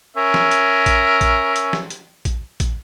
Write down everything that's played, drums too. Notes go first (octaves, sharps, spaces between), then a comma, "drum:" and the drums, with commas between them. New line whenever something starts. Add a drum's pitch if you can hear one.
C#4 A#4 E5
drum: snare
drum: hi-hat
drum: kick, hi-hat
drum: kick, hi-hat
drum: hi-hat
drum: snare
drum: hi-hat
drum: kick, hi-hat
drum: kick, hi-hat